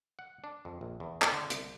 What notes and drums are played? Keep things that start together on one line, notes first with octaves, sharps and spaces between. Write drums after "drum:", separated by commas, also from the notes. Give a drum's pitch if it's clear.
F#5
D4
F2
A#1
E2
drum: clap
D3
C2, drum: hi-hat